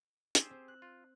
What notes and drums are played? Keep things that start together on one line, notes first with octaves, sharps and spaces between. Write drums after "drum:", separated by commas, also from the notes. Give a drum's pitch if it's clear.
G4 G#4 C5 E6, drum: hi-hat
C4
F#6
F4